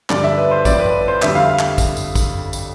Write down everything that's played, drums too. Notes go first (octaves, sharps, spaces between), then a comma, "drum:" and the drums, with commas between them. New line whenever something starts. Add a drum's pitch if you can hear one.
G2 D3 F3 D5, drum: clap
E5
B4
C5
A2 F3 C4 D5, drum: kick, tambourine
B4
C5
F2 D3 G3 E5, drum: clap
F5
F5
drum: clap
drum: kick, tambourine
drum: tambourine
drum: kick, tambourine
drum: tambourine